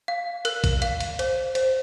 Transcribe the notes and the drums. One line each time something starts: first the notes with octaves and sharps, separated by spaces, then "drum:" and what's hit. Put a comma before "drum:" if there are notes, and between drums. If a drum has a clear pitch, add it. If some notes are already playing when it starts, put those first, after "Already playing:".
F5
A#4 F#6, drum: cymbal
drum: kick, cymbal
F5, drum: cymbal
drum: cymbal
C5, drum: cymbal
C5, drum: cymbal